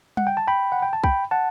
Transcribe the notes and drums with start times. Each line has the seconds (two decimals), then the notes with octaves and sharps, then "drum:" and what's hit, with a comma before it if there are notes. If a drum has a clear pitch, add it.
0.17 F#5, drum: tom G3
0.27 G5
0.37 A5
0.48 G5 B5
0.72 F#5
0.82 G5
0.93 A5
1.04 G5 B5, drum: kick B1
1.31 F#5 A5